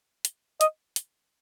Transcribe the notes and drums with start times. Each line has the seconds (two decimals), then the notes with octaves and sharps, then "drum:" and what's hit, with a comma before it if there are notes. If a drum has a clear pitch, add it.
0.25 drum: hi-hat
0.61 D#5, drum: hi-hat
0.96 drum: hi-hat